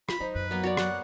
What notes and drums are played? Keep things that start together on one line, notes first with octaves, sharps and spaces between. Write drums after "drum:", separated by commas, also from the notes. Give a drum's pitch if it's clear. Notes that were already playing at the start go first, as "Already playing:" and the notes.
F4 B5, drum: rim click
F#3 D#4 C5
F#2 B4
F#3 A#3 B3
F#4 C#5 D5
F#5, drum: rim click